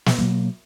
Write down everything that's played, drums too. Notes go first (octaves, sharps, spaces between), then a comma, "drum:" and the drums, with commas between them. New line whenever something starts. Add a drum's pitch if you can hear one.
drum: snare
B2 F#3 A#3